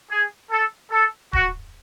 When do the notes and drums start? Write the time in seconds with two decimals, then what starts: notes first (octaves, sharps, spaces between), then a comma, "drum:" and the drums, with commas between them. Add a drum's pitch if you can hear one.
0.11 G#4
0.51 A4
0.91 A4
1.33 F#4, drum: kick D1